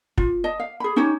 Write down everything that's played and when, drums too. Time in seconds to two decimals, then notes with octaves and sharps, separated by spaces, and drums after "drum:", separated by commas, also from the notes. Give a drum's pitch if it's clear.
0.18 F4, drum: kick
0.44 D#5 A5
0.60 F5
0.80 G#4 B5
0.96 C#4 D#4 G4 C#5